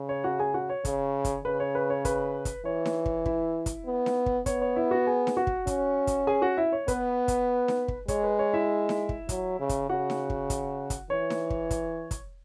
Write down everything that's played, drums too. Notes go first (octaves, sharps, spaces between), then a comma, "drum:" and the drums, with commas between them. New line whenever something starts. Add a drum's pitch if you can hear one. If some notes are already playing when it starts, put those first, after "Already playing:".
Already playing: C#3
C#5
F#4 F#5
G#4 G#5
F#4 F#5
C#5
C#3, drum: kick, hi-hat
drum: kick, hi-hat
C#3 B4
C#5
B4
C#5
B4, drum: kick, hi-hat
drum: kick, hi-hat
E3 C#5
drum: snare D#4
drum: kick
E4 E5, drum: kick
drum: kick, hi-hat
B3
drum: snare D#4
drum: kick
B3 C#5, drum: kick, hi-hat
C#5
E4 E5
F#4 F#5
G#4 G#5
drum: snare D#4
F#4 F#5
drum: kick
C#4, drum: kick, hi-hat
drum: kick, hi-hat
G#4 G#5
F#4 F#5
E4 E5
C#5
B3 B4, drum: kick, hi-hat
drum: kick, hi-hat
drum: snare D#4
drum: kick
G#3 C#5, drum: kick, hi-hat
B4
C#5
E4 E5
drum: snare D#4
drum: kick
F#3, drum: kick, hi-hat
C#3
drum: kick, hi-hat
C#3 F#4 F#5
drum: snare D#4
drum: kick
drum: kick, hi-hat
drum: kick, hi-hat
E3 C#5
drum: snare D#4
drum: kick
drum: kick, hi-hat
drum: kick, hi-hat